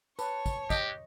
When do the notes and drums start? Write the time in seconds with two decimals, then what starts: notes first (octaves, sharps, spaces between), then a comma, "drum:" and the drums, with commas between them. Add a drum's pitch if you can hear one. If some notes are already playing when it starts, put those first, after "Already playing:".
0.19 B4 C#5 A5 C#6, drum: tambourine
0.46 drum: kick, tambourine
0.70 G4 D#5, drum: kick, tambourine